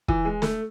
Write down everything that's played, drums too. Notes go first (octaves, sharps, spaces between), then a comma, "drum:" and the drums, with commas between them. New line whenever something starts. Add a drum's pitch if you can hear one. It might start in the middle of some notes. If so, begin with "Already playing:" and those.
E3, drum: kick
G#3
A3, drum: snare